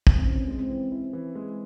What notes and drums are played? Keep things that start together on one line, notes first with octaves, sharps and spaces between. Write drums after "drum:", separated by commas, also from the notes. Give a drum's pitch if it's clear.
drum: kick
C4
E3 C#4
G#3
C4
E3
E4
E3
G#3